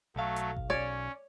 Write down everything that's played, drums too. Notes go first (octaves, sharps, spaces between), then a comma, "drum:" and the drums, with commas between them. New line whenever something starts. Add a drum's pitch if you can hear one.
B1 F#3 A3 F5
drum: hi-hat
drum: kick G1
C#4 C#5 D5